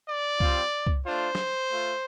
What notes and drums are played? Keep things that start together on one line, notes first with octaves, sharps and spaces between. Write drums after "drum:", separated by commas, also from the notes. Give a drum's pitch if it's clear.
D5
G3 C4 F4, drum: kick C2
drum: kick C2
A3 D4 F4 C5
drum: snare
A3 F4